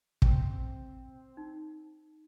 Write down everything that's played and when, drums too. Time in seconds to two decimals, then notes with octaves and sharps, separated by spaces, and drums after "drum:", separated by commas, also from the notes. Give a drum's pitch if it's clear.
0.22 C4, drum: kick
1.37 D#4